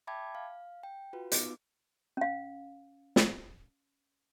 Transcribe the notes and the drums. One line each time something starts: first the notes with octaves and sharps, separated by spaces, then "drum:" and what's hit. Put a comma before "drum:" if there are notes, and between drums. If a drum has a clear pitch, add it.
E5 G5 A5 B5 D6 G#6
F5
G5
F4 F#4 B4
B3 D#4 F4 D6, drum: hi-hat
C#4 F5
drum: snare